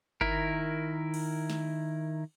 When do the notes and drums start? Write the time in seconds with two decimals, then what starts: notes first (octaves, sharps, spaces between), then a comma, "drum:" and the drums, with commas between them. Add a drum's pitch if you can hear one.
0.21 D#3 E4 A#4, drum: kick G1
1.14 drum: cymbal
1.50 drum: snare